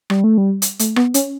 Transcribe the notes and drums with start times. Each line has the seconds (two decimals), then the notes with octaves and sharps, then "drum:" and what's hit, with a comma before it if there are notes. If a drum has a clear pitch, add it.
0.10 G3, drum: rim click
0.24 A3
0.38 G3
0.62 drum: hi-hat
0.79 A3, drum: hi-hat
0.96 B3, drum: rim click
1.14 C#4, drum: hi-hat